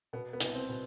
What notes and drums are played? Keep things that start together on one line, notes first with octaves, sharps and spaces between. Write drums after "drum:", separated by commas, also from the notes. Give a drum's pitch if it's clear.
B2 B3
B3
C2, drum: hi-hat
C4
B2